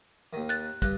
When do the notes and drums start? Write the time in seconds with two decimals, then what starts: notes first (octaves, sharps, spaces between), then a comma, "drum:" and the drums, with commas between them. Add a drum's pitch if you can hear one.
0.33 D#2 D#3
0.49 F#6 A6, drum: hi-hat
0.82 G2 F#6, drum: kick, hi-hat